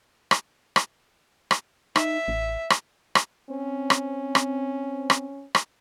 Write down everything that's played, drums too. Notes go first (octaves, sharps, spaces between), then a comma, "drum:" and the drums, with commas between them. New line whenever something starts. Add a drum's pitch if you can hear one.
drum: rim click
drum: rim click
drum: rim click
D#4 E5, drum: rim click
A1
drum: rim click
drum: rim click
C4 C#4
drum: rim click
drum: rim click
drum: rim click
drum: rim click